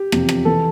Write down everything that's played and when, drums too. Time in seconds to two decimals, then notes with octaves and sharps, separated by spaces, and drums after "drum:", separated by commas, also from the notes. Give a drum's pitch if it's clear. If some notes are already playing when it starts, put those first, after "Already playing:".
Already playing: G4
0.12 E2 C3 F3, drum: rim click
0.29 drum: rim click
0.45 E3 A4